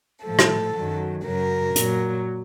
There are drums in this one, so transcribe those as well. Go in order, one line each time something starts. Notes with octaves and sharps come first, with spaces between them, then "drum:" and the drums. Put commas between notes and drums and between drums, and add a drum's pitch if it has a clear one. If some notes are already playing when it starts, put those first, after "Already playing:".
A2 F3 A4
drum: rim click
F#2 D#3 F#3
F#2 C#3 F#3 A#4
A#2 F#3, drum: hi-hat